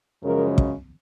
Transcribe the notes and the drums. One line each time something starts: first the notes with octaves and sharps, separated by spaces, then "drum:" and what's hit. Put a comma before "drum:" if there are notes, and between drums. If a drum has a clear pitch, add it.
F#2 C#3 F3 G#3 A#4
drum: kick